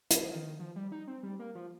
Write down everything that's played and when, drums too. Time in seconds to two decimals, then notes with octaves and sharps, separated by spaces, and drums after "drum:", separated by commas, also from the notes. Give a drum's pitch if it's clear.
0.11 F3, drum: hi-hat
0.31 F3
0.35 D#3
0.60 F3
0.76 G3
0.92 D#4
1.08 C4
1.23 G3
1.39 A#3
1.55 F3